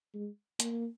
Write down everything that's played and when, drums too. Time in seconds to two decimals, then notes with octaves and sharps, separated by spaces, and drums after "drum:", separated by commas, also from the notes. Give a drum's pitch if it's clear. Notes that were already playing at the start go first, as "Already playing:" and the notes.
0.14 G#3
0.60 A#3, drum: hi-hat